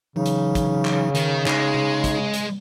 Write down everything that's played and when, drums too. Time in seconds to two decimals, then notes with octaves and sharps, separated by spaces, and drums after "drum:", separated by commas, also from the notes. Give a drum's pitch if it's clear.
0.16 C#3 E3 F#3 D#4
0.26 drum: hi-hat
0.55 drum: kick, hi-hat
0.85 drum: clap
1.15 D#3, drum: hi-hat
1.46 G#3 D#4, drum: clap
1.74 drum: tom C3
2.04 drum: kick, hi-hat
2.34 drum: hi-hat